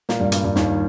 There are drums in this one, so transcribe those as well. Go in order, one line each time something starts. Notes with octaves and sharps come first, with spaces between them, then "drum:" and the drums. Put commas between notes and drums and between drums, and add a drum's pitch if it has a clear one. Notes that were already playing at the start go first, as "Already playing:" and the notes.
A#2 A#3, drum: snare
G2 G3
G2 G3, drum: hi-hat
G2 G3
D#2 D#3, drum: snare